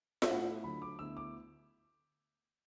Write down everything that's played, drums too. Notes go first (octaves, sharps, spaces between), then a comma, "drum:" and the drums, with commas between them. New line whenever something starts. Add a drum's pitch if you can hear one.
E5, drum: snare F4
A2 A3 E4 F#5
D2 D3 F#3 B5
D6
D2 D3 B3 E4 E6
D6